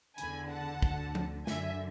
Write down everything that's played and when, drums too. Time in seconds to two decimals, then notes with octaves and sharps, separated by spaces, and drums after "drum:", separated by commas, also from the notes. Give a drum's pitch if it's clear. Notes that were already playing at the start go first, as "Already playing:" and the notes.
0.18 E2 D3 G#5 B5, drum: hi-hat
0.50 F#5 A5
0.82 D2 D3, drum: kick
1.15 drum: tom F3
1.47 F#2 D3 E5 G#5, drum: snare